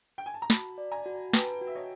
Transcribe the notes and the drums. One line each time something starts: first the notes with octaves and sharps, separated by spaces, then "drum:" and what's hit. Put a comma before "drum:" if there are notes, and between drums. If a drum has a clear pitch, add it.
G5
G#5
A5
A#5
F#4 A5 B5, drum: snare
D5
G#5 A#5
F#4
B4 G5 A5, drum: snare
F#4
E5
C#5 D#5